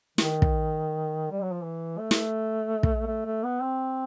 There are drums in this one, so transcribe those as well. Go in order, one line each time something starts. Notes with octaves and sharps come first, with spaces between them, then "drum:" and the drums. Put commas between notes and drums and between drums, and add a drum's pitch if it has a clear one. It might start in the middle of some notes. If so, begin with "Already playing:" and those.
D#3, drum: snare
drum: kick
G3
F#3
F3
E3
A3
drum: snare
drum: kick
A3
A3
B3
C4